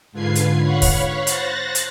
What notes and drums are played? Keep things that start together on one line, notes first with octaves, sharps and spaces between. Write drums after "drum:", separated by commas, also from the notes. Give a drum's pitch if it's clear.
G#2 D3 F4 B4 G#6 C7
drum: hi-hat
C#5 F5 F#5 B5 C#6
drum: kick, open hi-hat
C5 F#6 A6 A#6, drum: hi-hat
drum: hi-hat